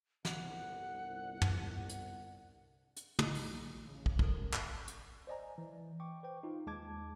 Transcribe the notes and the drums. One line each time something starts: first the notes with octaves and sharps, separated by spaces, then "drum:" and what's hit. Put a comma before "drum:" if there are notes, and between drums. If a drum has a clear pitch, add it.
G1 C2 F#5, drum: snare
drum: tom
drum: hi-hat
drum: hi-hat
B1 D#4 E4 D#5, drum: tom
drum: open hi-hat
A1 E3 F#3
C#3
drum: kick
F#2 C3 G3 A4 A#4 C5, drum: kick
drum: clap
drum: hi-hat
C5 D5 D#5 G#5 A#5
E3
G5 C#6 D6
B4 C5 G5
D#4 F4
D#2 G#3 A5 D6 G#6